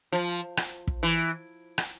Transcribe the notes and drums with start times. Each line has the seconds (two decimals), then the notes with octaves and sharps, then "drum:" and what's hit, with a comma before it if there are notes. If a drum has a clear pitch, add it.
0.12 F3
0.57 drum: rim click
0.87 drum: kick
1.03 E3
1.78 drum: rim click